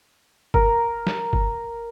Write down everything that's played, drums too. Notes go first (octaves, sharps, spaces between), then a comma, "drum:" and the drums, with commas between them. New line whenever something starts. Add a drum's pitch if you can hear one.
A#4, drum: kick G1
drum: snare
drum: kick G1